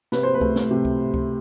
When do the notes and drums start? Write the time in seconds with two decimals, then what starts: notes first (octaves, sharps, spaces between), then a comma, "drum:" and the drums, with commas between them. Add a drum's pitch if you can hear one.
0.12 C3 B4, drum: snare
0.23 C5
0.34 B4
0.41 A3, drum: kick C#2
0.56 drum: snare
0.71 C3
0.85 drum: kick C#2
1.14 drum: kick C#2